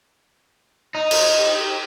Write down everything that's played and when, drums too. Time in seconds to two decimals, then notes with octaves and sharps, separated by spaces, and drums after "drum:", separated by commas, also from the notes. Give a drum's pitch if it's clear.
0.95 D#4
1.11 drum: cymbal
1.37 G4